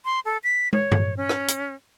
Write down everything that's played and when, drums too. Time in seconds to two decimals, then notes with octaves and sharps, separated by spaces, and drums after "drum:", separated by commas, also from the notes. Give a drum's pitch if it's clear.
0.05 C6
0.25 A4
0.44 B6
0.73 C#5, drum: tom
0.92 drum: tom G2
1.17 C#4
1.29 drum: rim click
1.48 drum: hi-hat